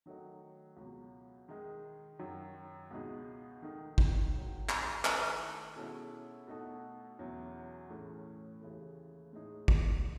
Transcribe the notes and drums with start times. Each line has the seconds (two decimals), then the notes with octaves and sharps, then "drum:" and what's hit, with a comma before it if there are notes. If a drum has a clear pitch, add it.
0.06 D#3 F#3 A3 D#4
0.77 C#2 B2 F#3
1.49 D#3 G#3 D#4 G#4
2.19 F#2 D#3 F#3
2.91 C#2 B2 G#3 D#4 G#4
3.62 D#3 A3 D#4
3.98 drum: kick
4.33 G#2 D#3 F#3
4.69 drum: clap
5.05 D#3 A3 E4 A4, drum: clap
5.76 B2 G#3 C#4 E4 A4
6.47 B2 A3 D#4 F#4 A4
7.19 E2 B2 F#3 C#4
7.90 A2 E3 A3 C#4 G#4
8.61 D#2 C#3 E3 A3
9.33 A2 G#3 D#4 G#4
9.68 drum: kick